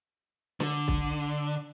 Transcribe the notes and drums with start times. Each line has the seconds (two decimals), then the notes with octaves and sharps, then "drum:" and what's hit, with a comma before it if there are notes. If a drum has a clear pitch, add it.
0.60 D3, drum: snare
0.88 drum: kick